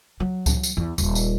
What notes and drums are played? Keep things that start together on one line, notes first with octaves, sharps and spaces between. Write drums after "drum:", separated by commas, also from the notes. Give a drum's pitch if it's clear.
F#3
drum: kick C#2, tambourine
drum: tambourine
E2
D#1, drum: tambourine
drum: tambourine